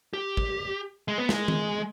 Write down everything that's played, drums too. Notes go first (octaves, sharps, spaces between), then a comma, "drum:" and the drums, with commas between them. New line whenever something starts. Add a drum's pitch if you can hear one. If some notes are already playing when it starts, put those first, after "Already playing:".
G4
drum: kick G#1
G#3
B3
G#3, drum: snare
drum: tom D#3